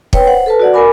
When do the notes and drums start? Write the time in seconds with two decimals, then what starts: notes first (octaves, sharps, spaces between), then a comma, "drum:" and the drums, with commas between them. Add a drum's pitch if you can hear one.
0.13 B4 C#5 G5, drum: kick
0.27 C5 F#5
0.46 A4 B4 A5
0.60 F#4 D5 F#5
0.73 A#4 G#5 B5 D6